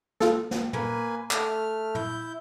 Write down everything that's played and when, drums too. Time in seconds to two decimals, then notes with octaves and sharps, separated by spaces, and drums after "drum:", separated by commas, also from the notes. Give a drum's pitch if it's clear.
0.20 F4 A4, drum: snare
0.51 drum: snare
0.73 A#3 B4 G#5, drum: tom
1.31 A3 F6, drum: clap
1.95 E4 G6, drum: tom